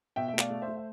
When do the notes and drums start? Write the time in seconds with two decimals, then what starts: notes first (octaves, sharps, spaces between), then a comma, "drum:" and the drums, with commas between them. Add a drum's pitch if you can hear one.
0.16 B2 E5 G5
0.28 E5
0.33 A3
0.39 D5 F5, drum: clap
0.50 A3
0.62 C5 E5
0.68 A3
0.77 E5